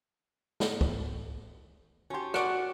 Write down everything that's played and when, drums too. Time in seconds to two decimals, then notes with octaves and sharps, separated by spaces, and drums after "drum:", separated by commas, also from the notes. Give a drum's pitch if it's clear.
0.60 drum: snare
0.81 drum: kick
2.10 C#4 F#4 G4 A5 C6
2.34 F#4 D5 F#5 C#6 D6 F#6 D7, drum: rim click